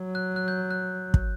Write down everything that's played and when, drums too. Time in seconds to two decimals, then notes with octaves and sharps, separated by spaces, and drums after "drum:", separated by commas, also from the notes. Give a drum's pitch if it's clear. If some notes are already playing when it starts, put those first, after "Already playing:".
Already playing: F#3
0.15 F#6
0.36 F#6
0.48 G6
0.71 F#6
1.14 drum: kick